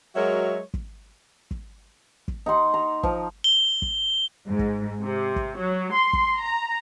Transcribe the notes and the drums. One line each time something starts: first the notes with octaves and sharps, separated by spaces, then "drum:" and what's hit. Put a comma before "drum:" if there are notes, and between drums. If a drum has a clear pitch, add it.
F#3 G#3 F#4 A#4 C#5 E5
drum: kick
drum: kick
drum: kick
D#4 F#5 C6
A#5
F3, drum: kick
G7
drum: kick
G#2
drum: kick
C3
drum: kick
F#3
C6
drum: kick
A#5